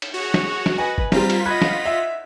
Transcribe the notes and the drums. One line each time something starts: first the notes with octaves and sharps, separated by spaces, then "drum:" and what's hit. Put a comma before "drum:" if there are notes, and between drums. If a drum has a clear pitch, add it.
drum: cymbal
F#4 G#4 C#5
drum: snare
drum: snare
B4 D#5 G#5
drum: kick G1
G3 C4 F4 A#5 B6, drum: snare
drum: cymbal
D#5 F#5 B5 F#6 G#6
drum: snare
E5